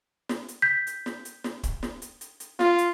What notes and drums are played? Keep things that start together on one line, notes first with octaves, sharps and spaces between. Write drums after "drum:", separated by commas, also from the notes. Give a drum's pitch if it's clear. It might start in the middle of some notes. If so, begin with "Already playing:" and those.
drum: snare
drum: hi-hat
G6 B6
drum: hi-hat
drum: snare
drum: hi-hat
drum: snare
drum: kick, hi-hat
drum: snare
drum: hi-hat
drum: hi-hat
drum: hi-hat
F4, drum: snare
drum: hi-hat